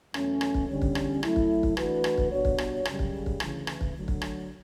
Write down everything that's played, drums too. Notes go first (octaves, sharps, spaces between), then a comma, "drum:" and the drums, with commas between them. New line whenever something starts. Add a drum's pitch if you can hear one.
E2 B2 F#3 A3 C#4, drum: rim click
drum: rim click
drum: kick
E2 D3 G3 C#4
drum: kick
drum: rim click
F#3 A3 E4, drum: rim click
drum: kick
drum: kick
E3 A3 D4 F#4 B4, drum: rim click
drum: rim click
drum: kick
B2 G3 D4 F#4 C#5
drum: kick
drum: rim click
F#2 C#3 G3, drum: rim click
drum: kick
drum: kick
D2 C#3 E3, drum: rim click
drum: rim click
drum: kick
D2 D3 F#3
drum: kick
drum: rim click